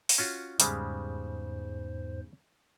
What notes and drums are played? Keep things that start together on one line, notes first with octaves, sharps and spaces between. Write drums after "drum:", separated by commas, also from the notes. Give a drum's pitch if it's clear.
drum: open hi-hat
C#4 F4 F#4
E2 G#2 C#3 G3 G#3 C5, drum: hi-hat